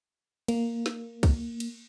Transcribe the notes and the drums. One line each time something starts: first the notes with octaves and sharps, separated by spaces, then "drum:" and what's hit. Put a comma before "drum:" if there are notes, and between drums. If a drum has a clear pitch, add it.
A#3, drum: cymbal
drum: snare
drum: kick, cymbal
drum: cymbal